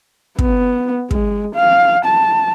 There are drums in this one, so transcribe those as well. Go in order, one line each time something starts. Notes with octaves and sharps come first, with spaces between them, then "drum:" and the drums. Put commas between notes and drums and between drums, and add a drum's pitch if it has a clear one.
B3, drum: kick
G#3, drum: kick
F5
A5